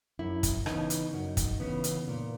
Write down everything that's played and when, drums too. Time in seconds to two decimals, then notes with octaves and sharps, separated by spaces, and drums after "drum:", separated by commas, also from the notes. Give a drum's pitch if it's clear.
0.19 F#2 E4
0.43 drum: kick, hi-hat
0.66 C#3 E3 B3 D#4, drum: rim click
0.90 drum: hi-hat
1.13 F#2 D#4
1.37 drum: kick, hi-hat
1.60 C#3 E3 B3
1.84 drum: hi-hat
2.08 A#2